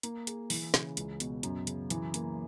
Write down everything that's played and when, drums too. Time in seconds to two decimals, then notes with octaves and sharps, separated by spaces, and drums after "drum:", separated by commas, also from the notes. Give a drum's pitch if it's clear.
0.03 A#3, drum: hi-hat
0.27 G#4, drum: hi-hat
0.50 E3, drum: open hi-hat
0.74 C#3, drum: snare
0.97 C#2, drum: hi-hat
1.20 B2, drum: hi-hat
1.43 F#2, drum: hi-hat
1.67 C#3, drum: hi-hat
1.90 E3, drum: hi-hat
2.14 A#3, drum: hi-hat